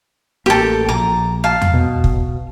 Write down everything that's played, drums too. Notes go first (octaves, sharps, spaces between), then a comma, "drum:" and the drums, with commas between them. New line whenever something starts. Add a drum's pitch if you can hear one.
A1 A#3 G4 A4
A#1 A#5 D6
F5 A5
drum: tom E2
B2
drum: kick